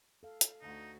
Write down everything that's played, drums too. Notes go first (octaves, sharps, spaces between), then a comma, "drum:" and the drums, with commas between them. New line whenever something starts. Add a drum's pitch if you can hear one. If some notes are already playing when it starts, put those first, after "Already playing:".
A4 F5
drum: hi-hat
D2 D#4 F#4